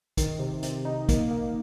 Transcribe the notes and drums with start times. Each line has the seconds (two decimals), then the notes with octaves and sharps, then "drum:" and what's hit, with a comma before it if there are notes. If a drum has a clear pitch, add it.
0.17 D#3, drum: kick, hi-hat
0.39 C3
0.63 C3, drum: hi-hat
0.85 D#4
1.09 A#3, drum: kick, hi-hat
1.31 A#3